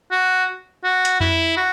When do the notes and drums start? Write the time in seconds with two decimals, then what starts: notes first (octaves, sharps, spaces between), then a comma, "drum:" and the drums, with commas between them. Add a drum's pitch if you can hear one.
0.12 F#4
0.84 F#4
1.05 drum: hi-hat
1.20 E4, drum: tom F2
1.57 F#4